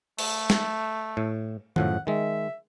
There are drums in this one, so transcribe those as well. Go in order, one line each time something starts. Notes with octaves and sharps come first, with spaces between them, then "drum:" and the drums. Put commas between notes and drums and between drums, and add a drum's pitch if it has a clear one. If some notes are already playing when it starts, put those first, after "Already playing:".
A3, drum: cymbal
drum: snare
A2
F#2 A2 F3 F#5, drum: tom D#3
D#3 G#3 E5